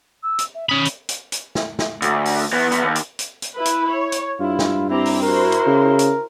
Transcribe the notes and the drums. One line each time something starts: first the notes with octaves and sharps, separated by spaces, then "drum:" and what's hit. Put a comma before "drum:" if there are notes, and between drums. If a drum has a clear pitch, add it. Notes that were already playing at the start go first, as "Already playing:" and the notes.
E6
drum: hi-hat
E5
C#4 B5 D#6
drum: hi-hat
drum: hi-hat
drum: hi-hat
drum: snare
drum: snare
D2, drum: hi-hat
drum: open hi-hat
E3 B3
E2 B3, drum: hi-hat
D#2
drum: hi-hat
drum: hi-hat
drum: hi-hat
E4 B4 B5
drum: hi-hat
C#5
drum: hi-hat
G2 E4 F4
drum: snare
C4 E4 G4 A#5
drum: open hi-hat
E4 F#4 A#4 C5
drum: hi-hat
C#3
drum: hi-hat